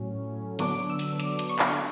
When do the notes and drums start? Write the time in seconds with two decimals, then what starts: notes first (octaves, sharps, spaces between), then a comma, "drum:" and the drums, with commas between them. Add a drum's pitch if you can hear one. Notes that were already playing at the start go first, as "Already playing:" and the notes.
Already playing: A2 F#3 C#4
0.59 D3 F#3 B3 D4 D6, drum: hi-hat
0.90 E6
0.99 drum: open hi-hat
1.20 D6, drum: hi-hat
1.39 drum: hi-hat
1.49 C#6
1.59 D6, drum: clap
1.67 C#6